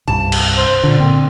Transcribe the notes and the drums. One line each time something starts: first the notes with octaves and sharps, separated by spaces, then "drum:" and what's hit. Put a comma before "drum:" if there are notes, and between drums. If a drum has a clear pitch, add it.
C2 G2 C3 A5
drum: cymbal
C5
A#2 D3
A#2 C4